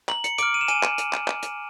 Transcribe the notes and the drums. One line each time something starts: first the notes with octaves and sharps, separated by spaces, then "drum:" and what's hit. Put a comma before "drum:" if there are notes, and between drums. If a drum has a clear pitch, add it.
A#5 F#7, drum: clap
C#7, drum: hi-hat
D6 F6 D7, drum: hi-hat
D#7
E7
G#5 D#7, drum: hi-hat
drum: clap
drum: hi-hat
drum: clap
drum: clap
drum: hi-hat